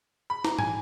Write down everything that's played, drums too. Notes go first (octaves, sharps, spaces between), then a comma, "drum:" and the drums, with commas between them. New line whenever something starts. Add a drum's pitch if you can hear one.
B5
A#5, drum: snare
G#5, drum: tom G#2